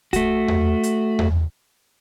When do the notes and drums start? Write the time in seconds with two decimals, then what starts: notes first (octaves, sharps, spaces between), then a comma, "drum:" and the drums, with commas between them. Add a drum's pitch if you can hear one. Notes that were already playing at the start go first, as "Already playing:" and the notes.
0.13 A3 F#4, drum: kick, hi-hat
0.48 drum: tom E2
0.83 drum: hi-hat
1.19 drum: tom E2